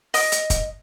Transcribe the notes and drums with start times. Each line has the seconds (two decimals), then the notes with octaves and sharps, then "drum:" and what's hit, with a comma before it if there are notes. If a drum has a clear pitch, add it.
0.14 D#5 D#6, drum: open hi-hat
0.32 drum: hi-hat
0.50 drum: kick, hi-hat